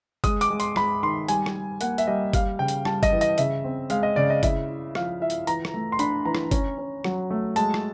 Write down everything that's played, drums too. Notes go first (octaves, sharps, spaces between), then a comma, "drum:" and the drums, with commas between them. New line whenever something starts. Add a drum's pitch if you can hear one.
G#3 D#6, drum: kick, hi-hat
D6, drum: hi-hat
G#3
C6, drum: hi-hat
G#3 B5, drum: rim click
D#3 C6
G3 G#5, drum: hi-hat
drum: rim click
G3
A#3 F#5, drum: hi-hat
E5, drum: hi-hat
G3 D#5
G3 F5, drum: kick, hi-hat
C#3 G5
drum: hi-hat
G3 A5, drum: rim click
D#5, drum: kick, hi-hat
E3
D#5, drum: hi-hat
C#3 E5, drum: hi-hat
C4
G#3 F5, drum: hi-hat
D#5
C#3 D5
D#5
E4 E5, drum: kick, hi-hat
E4
F3 F5, drum: rim click
E4 E5
drum: hi-hat
E3 A#5, drum: hi-hat
drum: rim click
A3
C6
D4 B5, drum: hi-hat
E3 A#5
drum: rim click
C#4, drum: kick, hi-hat
C#4
F#3, drum: rim click
A3
G#3 A5, drum: hi-hat
drum: rim click